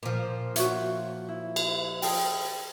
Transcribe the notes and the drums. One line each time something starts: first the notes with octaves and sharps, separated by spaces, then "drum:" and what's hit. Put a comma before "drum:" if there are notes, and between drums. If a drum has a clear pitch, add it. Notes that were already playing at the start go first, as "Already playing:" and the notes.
A#2 F3
F#4 C#5 E5, drum: hi-hat
E4
drum: cymbal
G#4 A4 G5, drum: open hi-hat